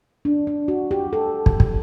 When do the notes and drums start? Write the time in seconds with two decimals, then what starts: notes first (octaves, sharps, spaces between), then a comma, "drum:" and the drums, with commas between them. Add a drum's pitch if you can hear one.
0.25 D4
0.47 D4
0.68 F#4
0.91 G4
1.13 A4
1.46 drum: kick
1.60 drum: kick